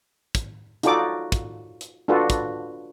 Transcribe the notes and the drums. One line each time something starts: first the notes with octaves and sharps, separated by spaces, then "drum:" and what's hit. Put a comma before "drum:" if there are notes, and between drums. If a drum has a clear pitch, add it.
drum: kick, hi-hat
D#4 F4 F#4 A4 D5 D6, drum: hi-hat
drum: kick, hi-hat
drum: hi-hat
D4 F4 F#4 A4 B4
drum: kick, hi-hat